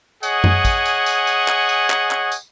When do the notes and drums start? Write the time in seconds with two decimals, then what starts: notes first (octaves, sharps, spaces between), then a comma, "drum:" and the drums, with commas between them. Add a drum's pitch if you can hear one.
0.23 G#4 C#5 D#5 F#5 G#5, drum: tambourine
0.44 drum: tom F#2
0.65 drum: kick A1, tambourine
0.86 drum: tambourine
1.06 drum: tambourine
1.27 drum: tambourine
1.48 drum: clap
1.69 drum: tambourine
1.90 drum: clap
2.11 drum: clap
2.32 drum: tambourine